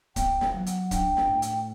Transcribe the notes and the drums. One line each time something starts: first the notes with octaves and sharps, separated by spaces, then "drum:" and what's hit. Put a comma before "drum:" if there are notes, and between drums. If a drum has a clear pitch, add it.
B3 G5, drum: kick, hi-hat
drum: snare
F#3 F#5
drum: hi-hat
D4 G5, drum: kick, hi-hat
drum: snare
A2
drum: hi-hat